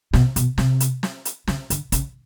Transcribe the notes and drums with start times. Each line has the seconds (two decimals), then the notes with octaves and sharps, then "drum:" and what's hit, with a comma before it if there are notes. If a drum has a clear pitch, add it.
0.13 B2, drum: snare
0.36 B2, drum: hi-hat
0.58 C3, drum: snare
0.80 drum: hi-hat
1.03 drum: snare
1.25 drum: hi-hat
1.47 C#3, drum: snare
1.70 D3, drum: hi-hat
1.92 C#3, drum: kick, hi-hat